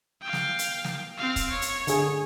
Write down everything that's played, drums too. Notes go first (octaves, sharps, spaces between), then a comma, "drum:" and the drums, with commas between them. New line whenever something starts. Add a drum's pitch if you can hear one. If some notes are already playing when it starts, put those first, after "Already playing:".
F5 G5
drum: snare
drum: hi-hat
drum: snare
C4 F5
drum: kick, hi-hat
C#5
drum: hi-hat
D3 G#4, drum: hi-hat